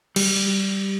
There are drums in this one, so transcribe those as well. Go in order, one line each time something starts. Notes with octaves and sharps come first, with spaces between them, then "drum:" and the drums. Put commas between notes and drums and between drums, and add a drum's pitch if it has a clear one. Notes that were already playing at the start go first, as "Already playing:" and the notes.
G3, drum: cymbal